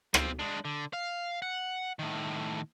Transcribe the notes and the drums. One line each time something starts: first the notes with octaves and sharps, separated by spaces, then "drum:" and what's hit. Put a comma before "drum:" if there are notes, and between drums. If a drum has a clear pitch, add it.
C4 F4, drum: rim click
G#3 D4
D3
F5
F#5
A2 D#3